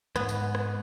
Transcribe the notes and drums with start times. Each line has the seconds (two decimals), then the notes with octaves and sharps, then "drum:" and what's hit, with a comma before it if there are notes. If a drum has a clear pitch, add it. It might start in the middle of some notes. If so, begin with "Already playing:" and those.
0.16 E2 G#2 B3, drum: rim click
0.29 drum: tambourine
0.55 drum: rim click